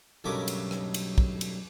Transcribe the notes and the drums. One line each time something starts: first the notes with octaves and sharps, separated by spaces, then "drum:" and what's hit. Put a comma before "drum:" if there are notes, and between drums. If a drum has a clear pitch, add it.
B1 G2 C#3 A3 A#4 D6
drum: cymbal
drum: rim click
drum: cymbal
drum: kick
drum: cymbal